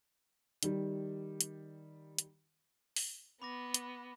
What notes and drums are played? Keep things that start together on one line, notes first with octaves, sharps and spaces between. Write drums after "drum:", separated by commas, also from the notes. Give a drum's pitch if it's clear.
D#3 G3, drum: hi-hat
drum: hi-hat
drum: hi-hat
drum: open hi-hat
B3 B5 D6 A#6
drum: hi-hat